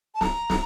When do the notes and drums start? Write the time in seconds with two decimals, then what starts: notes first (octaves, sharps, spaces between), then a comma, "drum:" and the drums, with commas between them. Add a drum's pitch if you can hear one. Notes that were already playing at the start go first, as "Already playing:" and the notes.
0.15 A5
0.21 A#5, drum: snare
0.50 drum: snare